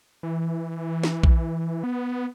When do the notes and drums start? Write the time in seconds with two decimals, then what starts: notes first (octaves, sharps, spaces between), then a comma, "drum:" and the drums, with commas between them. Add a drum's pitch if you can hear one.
0.23 E3
1.03 drum: snare
1.24 drum: kick A#1
1.84 B3